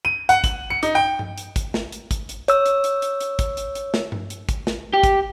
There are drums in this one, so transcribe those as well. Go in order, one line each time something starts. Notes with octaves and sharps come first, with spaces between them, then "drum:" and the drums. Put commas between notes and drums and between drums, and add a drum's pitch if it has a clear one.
D#7
F#5, drum: hi-hat
F#7, drum: kick, hi-hat
C#7
D#4, drum: hi-hat
G5
drum: tom G2
drum: hi-hat
drum: kick, hi-hat
drum: snare
drum: hi-hat
drum: kick, hi-hat
drum: hi-hat
C#5 E6, drum: hi-hat
drum: hi-hat
drum: hi-hat
drum: hi-hat
drum: hi-hat
drum: kick, hi-hat
drum: hi-hat
drum: hi-hat
drum: snare
drum: tom G2
drum: hi-hat
drum: kick, hi-hat
drum: snare
G4
drum: kick, hi-hat